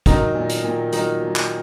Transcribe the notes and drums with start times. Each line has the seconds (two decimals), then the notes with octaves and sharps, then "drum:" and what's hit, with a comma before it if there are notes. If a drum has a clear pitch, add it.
0.06 D#3 F#3 D#4, drum: kick, hi-hat
0.35 A#2
0.49 drum: hi-hat
0.64 A#2
0.92 D#3 F#3 D#4, drum: hi-hat
1.22 F#3
1.36 drum: clap